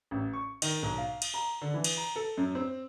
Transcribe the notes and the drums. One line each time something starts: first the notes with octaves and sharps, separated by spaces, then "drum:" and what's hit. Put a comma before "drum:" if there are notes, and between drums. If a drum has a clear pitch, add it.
A1
C#6
D#3, drum: cymbal
B1
F5
drum: cymbal
A#5
D3
E3
drum: cymbal
A#5
A4
F#2
C4